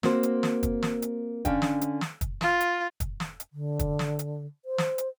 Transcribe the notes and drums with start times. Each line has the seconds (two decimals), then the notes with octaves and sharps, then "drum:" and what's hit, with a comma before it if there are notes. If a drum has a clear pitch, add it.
0.03 A#3 C4 F#4 C5, drum: snare
0.23 drum: hi-hat
0.43 drum: snare
0.63 drum: kick, hi-hat
0.82 drum: snare
1.02 drum: hi-hat
1.45 D3 C#4 D4 F5 G5, drum: kick, hi-hat
1.62 drum: snare
1.81 drum: hi-hat
2.01 drum: snare
2.21 drum: kick, hi-hat
2.41 F4, drum: snare
2.61 drum: hi-hat
3.00 drum: kick, hi-hat
3.20 drum: snare
3.40 drum: hi-hat
3.52 D3
3.79 drum: kick, hi-hat
3.99 drum: snare
4.19 drum: hi-hat
4.65 C5
4.78 drum: snare
4.98 drum: hi-hat